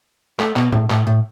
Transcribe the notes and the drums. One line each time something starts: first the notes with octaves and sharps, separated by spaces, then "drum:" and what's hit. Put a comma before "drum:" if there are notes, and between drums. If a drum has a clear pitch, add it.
A3, drum: clap
B2, drum: clap
A2, drum: tom
A2, drum: clap
A2